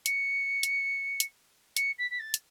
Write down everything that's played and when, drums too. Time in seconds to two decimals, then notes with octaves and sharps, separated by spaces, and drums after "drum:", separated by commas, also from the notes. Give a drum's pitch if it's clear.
0.06 C#7, drum: hi-hat
0.63 drum: hi-hat
1.20 drum: hi-hat
1.77 C#7, drum: hi-hat
1.99 B6
2.11 B6
2.20 A6
2.34 drum: hi-hat